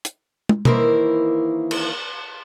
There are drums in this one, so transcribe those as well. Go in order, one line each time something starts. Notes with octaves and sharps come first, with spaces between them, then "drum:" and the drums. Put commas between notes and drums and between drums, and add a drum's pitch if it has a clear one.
drum: hi-hat
drum: tom
D#3 E3 A#3 E4 A#4 C5, drum: tom
drum: cymbal